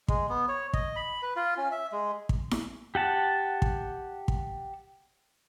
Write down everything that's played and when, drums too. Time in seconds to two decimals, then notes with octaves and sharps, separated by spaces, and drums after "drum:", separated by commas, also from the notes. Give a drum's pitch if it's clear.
0.08 G#3, drum: kick
0.29 B3
0.49 C#5
0.73 D#5, drum: kick
0.96 B5
1.22 B4
1.36 F4
1.57 C#4
1.71 E5
1.92 G#3
2.29 drum: kick
2.51 drum: snare E4
2.95 G4 F#5 A5
3.62 drum: kick
4.28 drum: kick